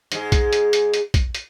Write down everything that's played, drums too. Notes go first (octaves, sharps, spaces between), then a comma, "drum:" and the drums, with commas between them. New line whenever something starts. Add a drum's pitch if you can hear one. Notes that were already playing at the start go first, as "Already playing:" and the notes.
G#2 G#3, drum: hi-hat
drum: kick, hi-hat
drum: hi-hat
drum: hi-hat
drum: hi-hat
drum: kick, hi-hat
drum: hi-hat